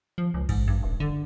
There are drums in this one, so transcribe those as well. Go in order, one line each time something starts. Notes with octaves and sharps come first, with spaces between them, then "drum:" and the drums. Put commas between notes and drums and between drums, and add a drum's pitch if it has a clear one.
F3
C#2
G#2, drum: kick A1, cymbal
G2
D#1
D3